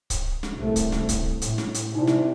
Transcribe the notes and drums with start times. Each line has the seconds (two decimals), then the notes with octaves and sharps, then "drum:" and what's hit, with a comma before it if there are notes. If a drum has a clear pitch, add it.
0.10 drum: kick C#1, hi-hat
0.43 drum: snare
0.55 C2 A3
0.76 drum: kick C#1, hi-hat
0.92 drum: snare
1.09 drum: kick C#1, hi-hat
1.42 A2, drum: hi-hat
1.58 drum: snare
1.74 drum: hi-hat
1.95 C3 D#4 E4 D5
2.07 drum: snare